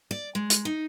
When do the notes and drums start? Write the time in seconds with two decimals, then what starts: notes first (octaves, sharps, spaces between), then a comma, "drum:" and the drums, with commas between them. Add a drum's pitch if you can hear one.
0.11 D5
0.35 G#3
0.50 drum: hi-hat
0.65 D#4